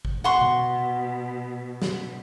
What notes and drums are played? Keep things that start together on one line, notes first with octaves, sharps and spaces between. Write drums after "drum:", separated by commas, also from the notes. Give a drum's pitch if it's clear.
drum: kick G#1
B2 F#5 C6 C#6
drum: tom B2
drum: snare